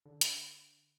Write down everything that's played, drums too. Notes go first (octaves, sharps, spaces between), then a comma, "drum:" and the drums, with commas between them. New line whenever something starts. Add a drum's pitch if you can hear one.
D3
drum: hi-hat